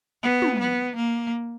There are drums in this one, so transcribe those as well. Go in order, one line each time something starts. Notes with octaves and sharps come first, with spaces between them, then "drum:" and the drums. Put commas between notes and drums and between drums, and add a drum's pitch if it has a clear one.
B3
drum: tom
B3
A#3